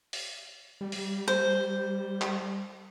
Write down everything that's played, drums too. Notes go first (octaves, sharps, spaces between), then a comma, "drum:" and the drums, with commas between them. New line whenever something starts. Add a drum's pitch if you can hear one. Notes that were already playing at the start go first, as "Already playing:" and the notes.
drum: open hi-hat
G3
drum: open hi-hat
C5
drum: clap